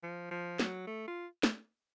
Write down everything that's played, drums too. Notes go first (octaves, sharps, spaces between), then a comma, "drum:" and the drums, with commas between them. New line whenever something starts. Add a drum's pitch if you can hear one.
F3
F3
F#3, drum: snare
A3
F4
drum: snare